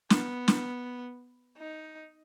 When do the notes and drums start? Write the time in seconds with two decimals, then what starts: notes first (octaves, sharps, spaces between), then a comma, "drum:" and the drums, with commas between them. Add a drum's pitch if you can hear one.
0.10 B3, drum: snare
0.48 drum: snare
1.57 D#4